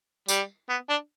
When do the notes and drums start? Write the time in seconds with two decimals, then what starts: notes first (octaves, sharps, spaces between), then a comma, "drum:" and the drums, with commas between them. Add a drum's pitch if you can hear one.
0.28 G3, drum: tambourine
0.69 B3
0.89 D4